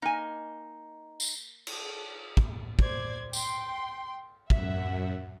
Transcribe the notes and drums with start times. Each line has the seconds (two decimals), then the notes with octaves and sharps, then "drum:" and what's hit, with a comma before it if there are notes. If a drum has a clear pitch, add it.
0.02 A#3 D#4 G#5
1.20 drum: tambourine
1.67 drum: cymbal
2.37 drum: kick
2.79 C5 D5 G#6, drum: kick
3.33 G5 C6, drum: tambourine
4.50 F#2 E5 F#5, drum: kick